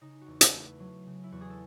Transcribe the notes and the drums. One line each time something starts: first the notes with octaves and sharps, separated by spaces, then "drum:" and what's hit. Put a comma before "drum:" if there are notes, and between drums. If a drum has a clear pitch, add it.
C#3 D#4
F#4
E2
B4, drum: hi-hat
A3
B4
F#3
C#3
E4
E2 F#4
G#4
A4